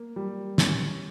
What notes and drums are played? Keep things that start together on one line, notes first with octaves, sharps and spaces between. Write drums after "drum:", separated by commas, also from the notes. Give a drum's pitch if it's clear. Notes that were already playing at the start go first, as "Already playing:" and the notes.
Already playing: A#3
G3
C#4, drum: snare